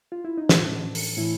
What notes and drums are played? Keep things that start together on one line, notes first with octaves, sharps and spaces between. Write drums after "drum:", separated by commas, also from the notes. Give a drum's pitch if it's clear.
F4
E4
D#4
A2 E3 D4, drum: snare
drum: open hi-hat
A2 E3 E4